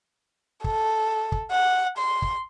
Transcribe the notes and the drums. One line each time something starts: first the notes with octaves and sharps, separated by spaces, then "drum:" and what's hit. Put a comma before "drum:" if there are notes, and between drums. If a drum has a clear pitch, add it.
A4, drum: kick
drum: kick
F#5
C6
drum: kick